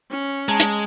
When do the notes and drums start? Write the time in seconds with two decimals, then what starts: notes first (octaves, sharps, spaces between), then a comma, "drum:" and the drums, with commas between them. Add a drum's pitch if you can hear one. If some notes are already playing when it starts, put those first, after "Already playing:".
0.11 C#4
0.49 G#3 A5 A#5
0.60 drum: hi-hat